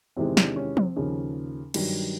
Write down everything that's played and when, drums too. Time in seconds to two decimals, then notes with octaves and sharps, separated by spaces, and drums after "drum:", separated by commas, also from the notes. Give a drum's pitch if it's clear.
0.16 E2 C3 D#3 G#3 C4
0.37 C4 D4, drum: snare
0.56 C#4
0.77 C4, drum: tom F3
0.96 D#2 C#3 F3 C#4
1.74 G2 D#3 F#3, drum: cymbal